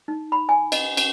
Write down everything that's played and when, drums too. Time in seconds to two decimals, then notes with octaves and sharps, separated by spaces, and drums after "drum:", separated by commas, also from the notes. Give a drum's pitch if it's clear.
0.08 D#4
0.32 B5
0.49 G#5
0.72 D#5, drum: cymbal
0.97 drum: cymbal